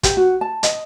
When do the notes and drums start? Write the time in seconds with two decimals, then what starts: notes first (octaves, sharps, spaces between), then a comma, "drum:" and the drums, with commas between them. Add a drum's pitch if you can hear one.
0.03 G4, drum: kick, hi-hat
0.17 F#4
0.41 A5
0.63 D#5, drum: hi-hat